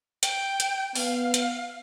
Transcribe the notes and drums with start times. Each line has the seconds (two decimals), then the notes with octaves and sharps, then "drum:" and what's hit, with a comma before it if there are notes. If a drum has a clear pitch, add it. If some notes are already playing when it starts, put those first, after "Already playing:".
0.23 G5, drum: hi-hat
0.60 drum: hi-hat
0.95 B3 F5, drum: open hi-hat
1.34 drum: hi-hat